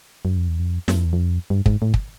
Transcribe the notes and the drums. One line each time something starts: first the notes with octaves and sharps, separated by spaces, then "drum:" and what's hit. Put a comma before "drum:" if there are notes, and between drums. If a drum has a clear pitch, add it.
F#2
F2
E2
F2
F#2, drum: snare
F2
E2
F2
G2
G#2, drum: kick
A2
drum: kick